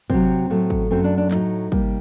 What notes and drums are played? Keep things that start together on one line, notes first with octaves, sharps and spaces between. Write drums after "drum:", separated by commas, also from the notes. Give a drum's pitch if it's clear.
C3 D#3 F#3 C4, drum: kick
A2 F#3 A3
drum: kick
F#2 F#3 A3 C4
D4
D4
A2 F#3 A3 D#4, drum: clap
C3 G3 A#3, drum: kick